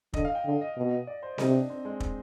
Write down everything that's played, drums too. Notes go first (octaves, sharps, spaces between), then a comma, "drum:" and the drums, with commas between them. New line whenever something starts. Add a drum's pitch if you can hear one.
D3 D#5, drum: kick
F5
G5
D3
D#5
B2
D5
C5
C3 D#4, drum: snare C4
D4
C4
G#3
drum: kick